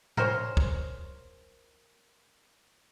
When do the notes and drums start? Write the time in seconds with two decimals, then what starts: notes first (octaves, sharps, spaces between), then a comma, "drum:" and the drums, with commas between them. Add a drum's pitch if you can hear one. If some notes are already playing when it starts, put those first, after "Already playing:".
0.17 A#4 C5 C#5 G#5, drum: tom A2
0.57 drum: kick